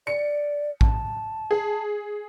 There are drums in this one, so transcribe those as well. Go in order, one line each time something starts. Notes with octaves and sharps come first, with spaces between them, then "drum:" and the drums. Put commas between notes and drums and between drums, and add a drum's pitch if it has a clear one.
D5 C#7
A5, drum: kick
G#4